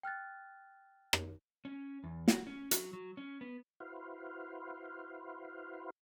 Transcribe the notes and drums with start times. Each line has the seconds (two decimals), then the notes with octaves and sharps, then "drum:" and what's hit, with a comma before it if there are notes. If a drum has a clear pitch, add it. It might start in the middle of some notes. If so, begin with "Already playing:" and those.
0.03 G5 F6 F#6 A6
1.13 drum: rim click
1.65 C#4
2.04 E2
2.28 F#4, drum: snare
2.47 C#4
2.71 F#3, drum: hi-hat
2.93 F#3
3.17 C#4
3.41 B3
3.80 E4 F#4 B4 C5 F5